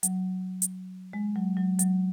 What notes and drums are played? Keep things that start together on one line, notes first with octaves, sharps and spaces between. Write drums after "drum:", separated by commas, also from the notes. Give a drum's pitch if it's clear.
F#3, drum: hi-hat
drum: hi-hat
G#3
F#3
F#3
F#3, drum: hi-hat